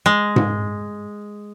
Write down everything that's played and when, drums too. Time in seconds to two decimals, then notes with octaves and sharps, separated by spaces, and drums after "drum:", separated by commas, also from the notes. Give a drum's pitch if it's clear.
0.06 G#3
0.36 drum: tom G#2